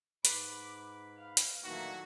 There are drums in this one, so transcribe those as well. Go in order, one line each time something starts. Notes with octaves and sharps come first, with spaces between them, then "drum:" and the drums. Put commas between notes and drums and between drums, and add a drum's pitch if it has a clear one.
G#2 B4 B5 D6, drum: hi-hat
F5
drum: hi-hat
A#2 D#3 E3 F#3 A3 A#3 F#4